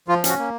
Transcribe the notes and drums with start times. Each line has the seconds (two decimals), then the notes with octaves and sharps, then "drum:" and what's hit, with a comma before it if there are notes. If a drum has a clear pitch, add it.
0.08 F3 F4
0.24 C#4, drum: hi-hat
0.29 F#4
0.39 A#3